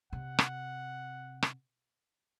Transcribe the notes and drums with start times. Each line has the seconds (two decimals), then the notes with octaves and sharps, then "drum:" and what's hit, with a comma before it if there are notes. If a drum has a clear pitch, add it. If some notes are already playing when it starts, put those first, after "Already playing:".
0.13 C3 F#5
0.39 drum: rim click
1.43 drum: rim click